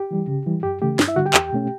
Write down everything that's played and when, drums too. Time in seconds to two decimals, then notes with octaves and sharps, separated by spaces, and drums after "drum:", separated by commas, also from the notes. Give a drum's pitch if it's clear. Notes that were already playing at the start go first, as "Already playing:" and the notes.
Already playing: G4
0.11 E3 G3
0.28 C#3
0.46 E3 G3
0.63 F#2 G4
0.82 C#3 E3 A3 G4
0.99 G2, drum: snare
1.08 E4 E5
1.16 D3 G3 F#4 F#5
1.25 G4 G5
1.34 E2, drum: clap
1.53 B2 A3 C#4